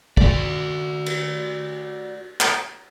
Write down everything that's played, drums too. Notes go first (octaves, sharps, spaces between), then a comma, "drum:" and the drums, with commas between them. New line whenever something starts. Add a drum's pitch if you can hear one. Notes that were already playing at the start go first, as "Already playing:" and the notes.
F#4 D5, drum: kick
drum: cymbal
drum: clap